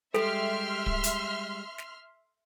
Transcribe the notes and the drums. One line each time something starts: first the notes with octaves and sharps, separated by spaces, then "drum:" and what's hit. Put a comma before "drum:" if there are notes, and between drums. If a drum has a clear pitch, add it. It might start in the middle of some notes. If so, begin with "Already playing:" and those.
G3 G#3 G4 A4 E5 C6 F6, drum: snare
drum: kick D1
drum: hi-hat
drum: snare